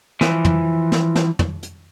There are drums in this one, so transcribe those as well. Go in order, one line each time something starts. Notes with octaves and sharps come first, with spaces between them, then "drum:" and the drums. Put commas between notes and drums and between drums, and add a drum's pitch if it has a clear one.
E3 F3, drum: snare
drum: tom
drum: snare
drum: snare
drum: tom
drum: hi-hat